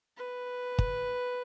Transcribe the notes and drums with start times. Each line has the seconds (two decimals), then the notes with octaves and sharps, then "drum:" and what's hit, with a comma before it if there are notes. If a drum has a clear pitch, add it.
0.17 B4
0.79 drum: kick